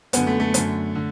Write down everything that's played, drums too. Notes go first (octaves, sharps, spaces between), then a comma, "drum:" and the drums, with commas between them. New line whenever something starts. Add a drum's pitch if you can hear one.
F#2 D3 B3, drum: hi-hat
A3
A3
F#2 D3, drum: hi-hat
D3